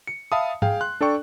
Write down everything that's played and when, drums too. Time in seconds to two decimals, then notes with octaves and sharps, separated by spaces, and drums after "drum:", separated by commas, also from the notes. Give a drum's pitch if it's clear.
0.07 C#7
0.32 E5 F5 A5 B5 D#6
0.62 G#4 F5 G5, drum: tom
0.81 C6 F#6
1.01 D4 A4 D5 G5 C#6